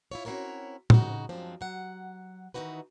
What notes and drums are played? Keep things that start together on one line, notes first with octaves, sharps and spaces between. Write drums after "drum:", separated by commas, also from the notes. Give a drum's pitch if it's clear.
E4 F4 C#5
C4 C#4 E4 F#4 A#4 C#5
C#3 D#4 F#4, drum: tom
F#2 F3 G#3 C4 D4
F#3 F#5
D#3 E3 F#3 D#4 F#4 B4